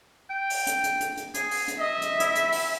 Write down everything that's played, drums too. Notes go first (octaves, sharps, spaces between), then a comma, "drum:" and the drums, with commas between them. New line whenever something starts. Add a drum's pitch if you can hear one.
G5
drum: open hi-hat
drum: hi-hat
drum: hi-hat
drum: hi-hat
drum: hi-hat
G#4, drum: hi-hat
drum: open hi-hat
drum: hi-hat
D#5 E5
drum: hi-hat
E4, drum: hi-hat
drum: hi-hat
drum: open hi-hat